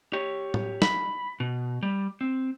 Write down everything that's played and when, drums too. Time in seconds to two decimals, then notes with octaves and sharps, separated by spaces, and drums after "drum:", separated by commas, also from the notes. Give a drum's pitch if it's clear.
0.13 G4 C#5
0.54 drum: tom A2
0.82 B5, drum: snare
1.40 B2
1.83 G3
2.21 C4